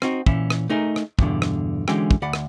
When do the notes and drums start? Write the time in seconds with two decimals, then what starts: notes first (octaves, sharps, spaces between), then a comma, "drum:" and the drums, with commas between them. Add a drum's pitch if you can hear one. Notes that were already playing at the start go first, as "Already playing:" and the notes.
0.02 C4 D#4 F#4, drum: rim click
0.26 A#2 E3 C#4 E4, drum: kick
0.50 drum: rim click
0.70 A3 D#4 G#4 A#4
0.96 drum: rim click
1.19 E2 G2 B2 D3, drum: kick
1.42 drum: rim click
1.88 D3 E3 G#3 C#4 F#4 G5, drum: rim click
2.11 drum: kick
2.22 D2 D5 F#5 B5
2.33 drum: rim click